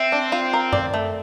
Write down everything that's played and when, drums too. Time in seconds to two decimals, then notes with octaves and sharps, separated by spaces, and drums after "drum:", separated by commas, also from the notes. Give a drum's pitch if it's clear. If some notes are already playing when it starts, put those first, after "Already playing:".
Already playing: C4 E5
0.12 D4
0.32 F4
0.53 A#4
0.73 D5, drum: tom F#2
0.94 A3